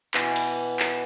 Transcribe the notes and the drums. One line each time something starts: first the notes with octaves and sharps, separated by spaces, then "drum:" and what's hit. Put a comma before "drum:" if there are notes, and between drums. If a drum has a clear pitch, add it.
B2 E3 B4 D6, drum: clap
drum: cymbal
drum: clap